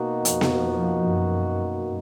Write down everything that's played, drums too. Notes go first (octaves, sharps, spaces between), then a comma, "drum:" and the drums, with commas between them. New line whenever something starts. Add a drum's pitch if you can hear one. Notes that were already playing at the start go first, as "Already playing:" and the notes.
Already playing: B2 A#3 D#4 F#4
F2 F3, drum: hi-hat
drum: snare B3
F#2